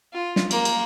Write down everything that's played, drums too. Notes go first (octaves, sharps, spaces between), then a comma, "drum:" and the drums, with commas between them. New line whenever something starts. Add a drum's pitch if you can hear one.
F4
drum: snare
A#3, drum: cymbal
drum: cymbal